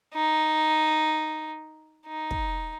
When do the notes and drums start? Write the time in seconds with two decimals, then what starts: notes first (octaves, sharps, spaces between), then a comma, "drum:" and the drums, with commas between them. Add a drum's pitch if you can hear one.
0.14 D#4
2.07 D#4
2.31 drum: kick